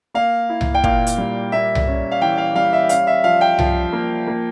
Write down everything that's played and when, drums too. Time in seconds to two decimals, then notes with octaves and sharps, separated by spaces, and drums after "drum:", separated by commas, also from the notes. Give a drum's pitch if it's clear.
0.14 A#3 F5
0.49 E4
0.61 drum: tom C2
0.74 G5
0.84 A#2 F5, drum: kick
1.07 drum: hi-hat
1.18 G3
1.52 A#3 E5
1.75 drum: tom C2
1.87 C#4
2.11 F5
2.21 E3 G5
2.38 F5
2.55 G3 F5
2.73 E5
2.89 C#4 F5, drum: hi-hat
3.07 E5
3.24 F3 F5
3.41 G5
3.59 F3, drum: tom C2
3.93 A#3
4.27 A#3